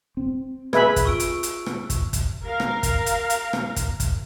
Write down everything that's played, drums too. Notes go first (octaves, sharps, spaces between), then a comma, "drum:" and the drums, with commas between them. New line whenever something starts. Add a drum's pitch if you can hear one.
C4
G#4 B4 E5 G#5 B5, drum: rim click
drum: kick, hi-hat
F4 C#6 E6 D7
drum: hi-hat
drum: hi-hat
drum: rim click
drum: kick, hi-hat
drum: kick, hi-hat
A#4 F5
drum: rim click
drum: kick, hi-hat
drum: hi-hat
drum: hi-hat
drum: rim click
drum: kick, hi-hat
drum: kick, hi-hat